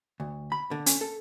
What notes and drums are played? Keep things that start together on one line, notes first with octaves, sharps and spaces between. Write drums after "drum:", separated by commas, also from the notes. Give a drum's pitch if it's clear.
D2
B5
D3
C#4, drum: hi-hat
A4